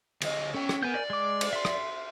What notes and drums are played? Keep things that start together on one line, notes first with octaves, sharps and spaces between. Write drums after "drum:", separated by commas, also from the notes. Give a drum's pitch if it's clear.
D2 D#5, drum: cymbal
C#4 A4 G5
drum: rim click
B3 A#4 G#5 G6
D5
G#3 D6
drum: cymbal
E5 C6
drum: rim click